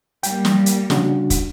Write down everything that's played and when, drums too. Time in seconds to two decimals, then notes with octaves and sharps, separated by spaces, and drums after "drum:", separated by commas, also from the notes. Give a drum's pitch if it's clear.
0.23 G3 A#3 G5, drum: hi-hat
0.45 drum: snare
0.66 drum: hi-hat
0.90 C#3 D4 F#4, drum: snare
1.30 drum: kick, hi-hat